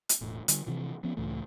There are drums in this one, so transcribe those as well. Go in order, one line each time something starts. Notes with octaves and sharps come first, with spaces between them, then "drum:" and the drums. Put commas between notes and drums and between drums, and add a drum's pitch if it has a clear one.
drum: hi-hat
E1 A2
D3 G3, drum: hi-hat
C3 E3 F3
F3 B3 C#4
C#2 A2 E3 A3